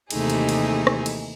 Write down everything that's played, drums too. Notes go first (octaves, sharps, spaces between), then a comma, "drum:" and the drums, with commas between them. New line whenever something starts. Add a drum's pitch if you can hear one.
D#2 C3 E3 A3 D#4 G#4, drum: cymbal
drum: cymbal
drum: cymbal
drum: rim click
drum: cymbal